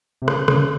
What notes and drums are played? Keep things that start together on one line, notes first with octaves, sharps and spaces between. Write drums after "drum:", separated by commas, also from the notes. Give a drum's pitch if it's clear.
C3
C#3, drum: rim click
C#3, drum: rim click